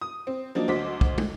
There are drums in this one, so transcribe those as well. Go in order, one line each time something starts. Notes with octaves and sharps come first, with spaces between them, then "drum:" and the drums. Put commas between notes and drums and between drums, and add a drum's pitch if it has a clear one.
D#6
C4
F3 F#3 A#3 D4 D#4
D2 F#3 C5 D#5 D6 B6
drum: kick
drum: tom